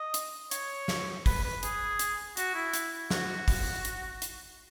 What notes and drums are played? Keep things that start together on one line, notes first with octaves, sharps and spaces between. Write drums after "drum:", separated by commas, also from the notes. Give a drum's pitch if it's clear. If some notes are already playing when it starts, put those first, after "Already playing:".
Already playing: D#5
drum: hi-hat
C#5, drum: hi-hat
drum: snare
B4, drum: kick, open hi-hat
B4
G#4, drum: hi-hat
drum: hi-hat
F#4, drum: hi-hat
E4
drum: hi-hat
F#4, drum: snare
drum: kick, open hi-hat
drum: hi-hat
drum: hi-hat